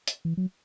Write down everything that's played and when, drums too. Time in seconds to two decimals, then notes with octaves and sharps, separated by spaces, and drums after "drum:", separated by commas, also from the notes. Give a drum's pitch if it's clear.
0.08 drum: hi-hat
0.25 E3
0.37 F#3